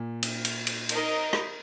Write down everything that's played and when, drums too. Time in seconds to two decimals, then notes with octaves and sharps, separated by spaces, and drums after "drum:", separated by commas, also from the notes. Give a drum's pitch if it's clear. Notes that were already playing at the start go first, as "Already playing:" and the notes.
Already playing: A#2
0.23 drum: cymbal
0.45 drum: cymbal
0.67 drum: cymbal
0.89 D#4 A#4 D#5, drum: cymbal
1.33 drum: rim click